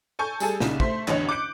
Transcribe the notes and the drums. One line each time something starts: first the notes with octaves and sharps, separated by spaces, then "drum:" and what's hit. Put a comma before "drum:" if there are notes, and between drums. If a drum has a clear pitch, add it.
A4 G#5 C#6 G6
G3 G#4 A4, drum: tambourine
C2 C#3 D#4 E7, drum: snare
A3 C5 C6 B6, drum: kick
A1 E2 D3 C#5 D#5, drum: clap
D6 F#6 G6 C#7 D7